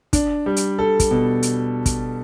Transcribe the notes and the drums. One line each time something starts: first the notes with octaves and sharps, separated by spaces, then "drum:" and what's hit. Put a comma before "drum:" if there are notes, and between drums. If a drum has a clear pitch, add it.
D4, drum: kick, hi-hat
G3
drum: hi-hat
A4
drum: kick, hi-hat
B2
drum: hi-hat
drum: kick, hi-hat